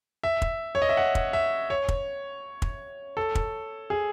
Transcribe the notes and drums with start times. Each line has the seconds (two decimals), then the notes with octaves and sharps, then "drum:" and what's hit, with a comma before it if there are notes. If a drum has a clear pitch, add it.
0.24 E5
0.42 drum: kick
0.75 C#5
0.82 D#5
0.89 E5
0.97 F#5
1.15 drum: kick
1.33 E5
1.70 C#5
1.88 drum: kick
2.62 drum: kick
3.17 A4
3.35 drum: kick
3.90 G#4